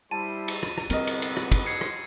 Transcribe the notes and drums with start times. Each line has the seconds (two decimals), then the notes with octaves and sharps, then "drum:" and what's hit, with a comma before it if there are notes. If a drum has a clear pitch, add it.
0.11 G3 E4 C5 A5 D#7
0.48 drum: cymbal
0.63 drum: rim click
0.78 drum: rim click
0.90 G1 C2 B3 C4 A#4 D#5, drum: cymbal
1.07 drum: cymbal
1.22 drum: cymbal
1.37 drum: rim click
1.52 drum: kick, cymbal
1.66 G#6 C7 C#7
1.81 drum: rim click